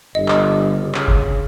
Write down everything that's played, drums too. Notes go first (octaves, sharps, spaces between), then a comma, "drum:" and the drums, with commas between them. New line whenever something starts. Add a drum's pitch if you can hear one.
G1 D#5
drum: clap
C#3
drum: clap
drum: kick F#1